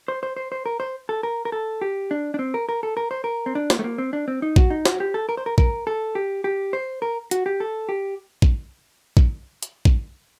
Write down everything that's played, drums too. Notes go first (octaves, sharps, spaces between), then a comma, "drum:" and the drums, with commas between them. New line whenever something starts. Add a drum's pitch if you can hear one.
C5
C5
C5
C5
A#4
C5
A4
A#4
A#4
A4
G4
D4
D4
C4
A#4
A#4
A4
A#4
C5
A#4
C4
D4
A#3, drum: snare
A3
A#3
C4
D4
C4
D#4
F#4, drum: kick
D#4
F#4, drum: snare
G4
A4
A#4
C5
A#4
A#4, drum: kick
A4
G4
G4
C5
A#4
F#4, drum: hi-hat
G4
A4
G4
drum: kick
drum: kick
drum: hi-hat
drum: kick